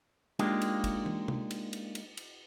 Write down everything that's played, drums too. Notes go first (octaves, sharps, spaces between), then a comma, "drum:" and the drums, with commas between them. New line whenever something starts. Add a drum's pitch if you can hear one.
G#3 A#3 D4 D#4 F4 G4, drum: cymbal
drum: cymbal
drum: kick, cymbal
drum: tom
drum: tom C3
drum: cymbal
drum: cymbal
drum: cymbal
drum: cymbal